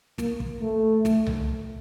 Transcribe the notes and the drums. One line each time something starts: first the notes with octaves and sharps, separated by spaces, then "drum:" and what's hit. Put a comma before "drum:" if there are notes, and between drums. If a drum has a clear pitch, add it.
A#3, drum: snare
drum: kick
A3
drum: snare
drum: tom C2